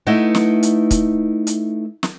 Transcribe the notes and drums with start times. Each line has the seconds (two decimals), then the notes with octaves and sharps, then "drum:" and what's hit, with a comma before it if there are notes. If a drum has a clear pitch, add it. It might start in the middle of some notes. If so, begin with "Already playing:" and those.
0.07 A3 D#4 E4 B4 F#5
0.35 drum: snare
0.63 drum: hi-hat
0.91 drum: kick, hi-hat
1.47 drum: hi-hat
2.03 drum: snare